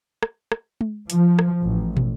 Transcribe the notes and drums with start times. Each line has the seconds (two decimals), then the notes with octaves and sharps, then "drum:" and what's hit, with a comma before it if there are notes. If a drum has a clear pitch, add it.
0.23 drum: rim click
0.52 drum: rim click
0.81 drum: tom G#3
1.10 F3, drum: hi-hat
1.39 drum: rim click
1.62 A1
1.97 drum: tom